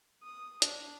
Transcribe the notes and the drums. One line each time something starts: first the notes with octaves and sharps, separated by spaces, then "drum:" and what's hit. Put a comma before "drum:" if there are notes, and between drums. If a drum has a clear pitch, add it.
D#6
D4, drum: hi-hat